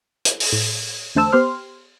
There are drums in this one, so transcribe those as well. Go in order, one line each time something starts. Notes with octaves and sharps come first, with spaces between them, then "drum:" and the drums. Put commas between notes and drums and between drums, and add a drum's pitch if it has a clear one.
drum: hi-hat
drum: open hi-hat
A2
E2 D3 A3 C5 A5 E6
B3 G4 C5 C6 F6